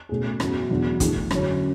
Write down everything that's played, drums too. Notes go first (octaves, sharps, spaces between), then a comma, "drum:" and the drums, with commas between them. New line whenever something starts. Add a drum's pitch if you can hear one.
B2 A3 C#4 G#4
F#2 E3 B3 F#4, drum: rim click
E2 B2 F#3 B3 D4
E3 A3 D4 G#4, drum: kick, hi-hat
F#2 D3 F#3 C#4, drum: rim click